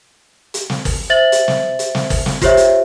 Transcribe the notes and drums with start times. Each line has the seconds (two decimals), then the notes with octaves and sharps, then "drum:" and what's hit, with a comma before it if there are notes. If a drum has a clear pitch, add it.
0.54 drum: hi-hat
0.70 drum: snare
0.85 drum: kick, open hi-hat
1.10 C5 E5 A6 F#7
1.32 drum: hi-hat
1.48 drum: snare
1.79 drum: hi-hat
1.95 drum: snare
2.10 drum: kick, open hi-hat
2.26 drum: snare
2.42 F4 G4 C5 C#5 E5, drum: kick, hi-hat
2.57 drum: hi-hat